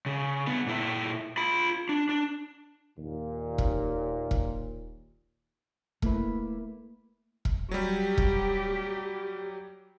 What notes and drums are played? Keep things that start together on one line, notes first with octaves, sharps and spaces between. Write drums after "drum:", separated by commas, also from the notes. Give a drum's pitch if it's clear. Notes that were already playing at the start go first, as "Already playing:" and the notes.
C#3
G3 B3
A#2 E4
F4 B5
D4
D4
D#2 A#2
drum: kick E1
drum: kick E1
A3 A#3 E4 B4, drum: kick E1
drum: kick E1
F#3 G3 G4
drum: kick E1